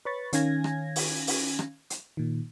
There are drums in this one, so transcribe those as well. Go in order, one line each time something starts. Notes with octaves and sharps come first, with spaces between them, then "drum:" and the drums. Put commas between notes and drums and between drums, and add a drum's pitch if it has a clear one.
B4 C#5 B5 C#6 A6
D#3 C#4 F5 G#5 G#6 A#6, drum: hi-hat
drum: rim click
drum: open hi-hat
drum: open hi-hat
drum: rim click
drum: hi-hat
A#2 D#3